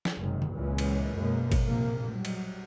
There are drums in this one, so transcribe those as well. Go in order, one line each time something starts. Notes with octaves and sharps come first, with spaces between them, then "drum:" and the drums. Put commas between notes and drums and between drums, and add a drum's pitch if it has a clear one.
drum: snare
F#1 G#2 C3 D#3
drum: tom D3
C#2 A#2 E3 G#3 C#4
drum: cymbal
F#2 B2 G#3 A#3
drum: kick G#1, cymbal
A#1 C3 A#3
F#3 G3
drum: cymbal